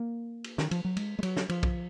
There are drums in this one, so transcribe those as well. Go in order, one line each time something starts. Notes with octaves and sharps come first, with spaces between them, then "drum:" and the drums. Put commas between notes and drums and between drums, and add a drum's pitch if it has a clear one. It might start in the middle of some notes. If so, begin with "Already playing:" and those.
Already playing: A#3
drum: cymbal
D#3, drum: snare
F3, drum: cymbal
F#3
G#3, drum: cymbal
G#3
F#3, drum: cymbal
drum: snare
F3, drum: cymbal
drum: kick